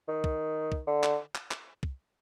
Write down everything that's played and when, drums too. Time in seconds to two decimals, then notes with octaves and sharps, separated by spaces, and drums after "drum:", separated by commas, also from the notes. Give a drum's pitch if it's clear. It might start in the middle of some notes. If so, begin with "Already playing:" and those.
0.08 D#3
0.24 drum: kick
0.72 drum: kick
0.87 D3
1.03 drum: clap
1.35 drum: clap
1.51 drum: clap
1.83 drum: kick